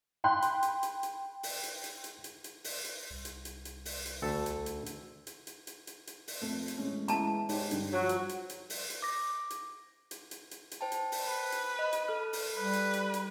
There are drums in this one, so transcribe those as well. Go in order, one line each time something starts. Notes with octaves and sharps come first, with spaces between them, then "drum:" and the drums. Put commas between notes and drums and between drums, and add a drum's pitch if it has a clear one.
G5 B5 C6 F#6
drum: hi-hat
drum: hi-hat
drum: hi-hat
drum: hi-hat
drum: open hi-hat
drum: hi-hat
drum: hi-hat
drum: hi-hat
drum: hi-hat
drum: hi-hat
drum: open hi-hat
drum: hi-hat
C2
drum: hi-hat
drum: hi-hat
drum: hi-hat
drum: open hi-hat
drum: hi-hat
D2 A4
drum: hi-hat
drum: hi-hat
drum: hi-hat
drum: hi-hat
drum: hi-hat
drum: hi-hat
drum: hi-hat
drum: hi-hat
drum: open hi-hat
F2 A3
drum: hi-hat
A1 G#3 C#4
G#3 B3 E4 A5 A#5, drum: hi-hat
G#2 G4 C#5, drum: open hi-hat
G2 D3, drum: hi-hat
F3 F#3
drum: hi-hat
drum: hi-hat
drum: hi-hat
drum: open hi-hat
drum: hi-hat
D6 A#6
drum: hi-hat
drum: hi-hat
drum: hi-hat
drum: hi-hat
drum: hi-hat
C5 G5 A5
drum: hi-hat
drum: open hi-hat
B4
drum: hi-hat
D#5
drum: hi-hat
A4 F6
drum: open hi-hat
G3 B4
drum: hi-hat
drum: hi-hat
drum: hi-hat